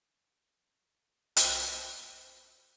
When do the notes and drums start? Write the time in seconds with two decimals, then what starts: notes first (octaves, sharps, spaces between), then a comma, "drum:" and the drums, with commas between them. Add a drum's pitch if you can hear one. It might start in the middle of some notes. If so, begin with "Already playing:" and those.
1.37 C5 G5, drum: hi-hat